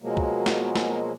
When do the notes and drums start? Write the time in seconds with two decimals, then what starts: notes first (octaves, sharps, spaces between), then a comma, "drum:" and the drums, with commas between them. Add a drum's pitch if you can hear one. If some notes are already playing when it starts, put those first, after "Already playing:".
0.02 B2 F3 F#3 G#3 A#3
0.17 drum: kick C2
0.46 drum: snare
0.76 drum: snare